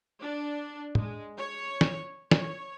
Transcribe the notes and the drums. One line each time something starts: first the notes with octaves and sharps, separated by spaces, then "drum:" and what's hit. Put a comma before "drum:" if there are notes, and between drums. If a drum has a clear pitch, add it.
D4
G#3, drum: tom
C#5
drum: snare
C#5, drum: snare